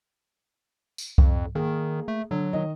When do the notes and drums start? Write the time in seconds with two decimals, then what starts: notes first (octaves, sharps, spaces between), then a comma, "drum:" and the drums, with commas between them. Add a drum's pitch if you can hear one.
0.98 drum: tambourine
1.18 F2, drum: kick C2
1.55 D#3 A#3 G#4
2.08 A3
2.31 D3 F#3
2.53 D#3 D#5